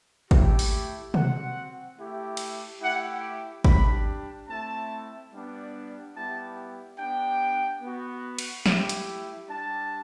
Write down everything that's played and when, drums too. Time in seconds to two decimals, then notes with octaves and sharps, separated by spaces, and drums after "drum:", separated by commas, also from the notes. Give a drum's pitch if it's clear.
0.31 A3 E4 G4, drum: kick G#1
0.59 drum: open hi-hat
1.14 C4 F#4 F#5, drum: tom
1.98 A3 E4 G4
2.37 drum: cymbal
2.81 A3 E4 G4 F#5
3.64 G3 D4 G4 B5, drum: kick G#1
4.48 A3 C4 E4 A5
5.32 G3 B3 D4
6.14 G3 B3 E4 G4 A5
6.98 B3 D4 G4 G5
7.81 B3 F#4
8.38 drum: cymbal
8.66 A3 E4 G4, drum: snare
8.89 drum: hi-hat
9.48 G3 D4 G4 A5